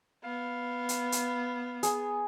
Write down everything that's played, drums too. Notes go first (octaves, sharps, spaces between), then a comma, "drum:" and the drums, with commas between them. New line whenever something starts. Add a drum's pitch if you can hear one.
B3 F5
drum: hi-hat
drum: hi-hat
G#4, drum: hi-hat